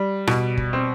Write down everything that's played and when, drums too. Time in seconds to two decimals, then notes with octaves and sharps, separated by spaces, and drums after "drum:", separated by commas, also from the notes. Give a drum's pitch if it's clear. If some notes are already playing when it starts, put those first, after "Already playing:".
Already playing: G3
0.27 B2, drum: rim click
0.57 drum: kick
0.73 C4